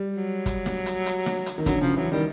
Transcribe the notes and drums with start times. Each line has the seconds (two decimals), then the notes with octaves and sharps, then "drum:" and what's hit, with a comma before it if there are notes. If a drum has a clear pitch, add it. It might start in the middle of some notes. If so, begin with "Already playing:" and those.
Already playing: G3
0.16 F#3
0.46 drum: kick, hi-hat
0.66 drum: snare
0.86 drum: hi-hat
1.06 drum: hi-hat
1.26 drum: snare
1.46 drum: hi-hat
1.58 D#3
1.66 D3 F#3, drum: kick, hi-hat
1.81 C#3 F3
1.96 E3 F#3
2.11 D#3 G3